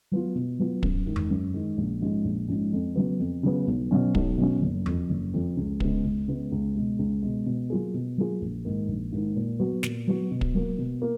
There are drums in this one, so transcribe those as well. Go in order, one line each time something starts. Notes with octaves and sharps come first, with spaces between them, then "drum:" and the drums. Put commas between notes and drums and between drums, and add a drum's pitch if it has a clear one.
F#3 B3 F4
B2
F#3 B3 F4
F#2, drum: kick
D#3 G#3
drum: tom E2
F#2
D#3 G#3
A#1
G#2 F3 G#3 C#4
A#1
G#2 F3 G#3 C#4
F2
C#3 F#3 B3
F2
C#3 F#3 B3
B1
B2 F#3 C#4
B1, drum: kick
B2 F#3 C#4
F#1
F2 F3, drum: tom E2
F#1
F2 F3
C#2
C#3 G#3 B3, drum: kick
C#2
C#3 G#3 B3
C#2
B2 G#3
C#2
B2 G#3
B2
F#3 A#3 F4 G#4
B2
F#3 A#3 F4 G#4
A#1
G#2 D#3 A#3 D#4
A#1
G#2 D#3 A#3 D#4
A#2
F#3 B3 F#4
A#2, drum: snare
F#3 B3 F#4
B2
drum: kick
F#3 A#3
B2
A#3